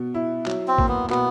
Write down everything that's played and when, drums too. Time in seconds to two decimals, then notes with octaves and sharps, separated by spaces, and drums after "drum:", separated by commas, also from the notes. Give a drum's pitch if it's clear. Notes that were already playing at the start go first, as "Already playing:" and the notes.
Already playing: B2 B3
0.14 E4
0.46 F#3, drum: clap
0.68 C4
0.78 A#3, drum: kick
0.88 B3
1.10 B2 B3, drum: clap